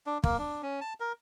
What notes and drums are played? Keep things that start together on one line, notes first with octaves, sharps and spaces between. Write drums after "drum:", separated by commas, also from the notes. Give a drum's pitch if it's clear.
D4
A#3, drum: kick
D4
C#4
A5
A#4